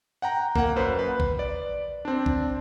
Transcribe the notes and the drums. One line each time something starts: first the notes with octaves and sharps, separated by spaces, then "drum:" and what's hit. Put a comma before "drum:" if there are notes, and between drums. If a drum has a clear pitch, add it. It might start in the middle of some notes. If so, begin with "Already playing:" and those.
F#5 G5 A#5
A#3 F#5, drum: kick A1
F#2 B4 C5
B4
drum: kick A1
D5
C4 D4
drum: kick A1